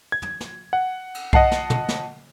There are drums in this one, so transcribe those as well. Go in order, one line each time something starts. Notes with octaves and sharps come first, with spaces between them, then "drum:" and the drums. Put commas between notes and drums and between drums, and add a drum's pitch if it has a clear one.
G#6
drum: tom
drum: snare
F#5
drum: cymbal
D#5 F#5 A5 C7, drum: kick B1
drum: snare
drum: tom
drum: snare